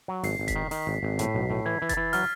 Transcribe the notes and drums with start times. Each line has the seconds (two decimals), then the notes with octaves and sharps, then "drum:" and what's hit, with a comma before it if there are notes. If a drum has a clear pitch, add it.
0.08 F#3
0.24 G#1 C7, drum: open hi-hat
0.39 G#1
0.48 B6, drum: kick F1, hi-hat
0.56 D#3
0.71 D#3, drum: open hi-hat
0.87 G#1
1.03 G#1
1.19 A2, drum: hi-hat
1.35 B1
1.50 A2
1.66 E3 G#6
1.82 E3
1.89 A6, drum: kick F1, hi-hat
1.97 E3
2.13 F#3 F6, drum: open hi-hat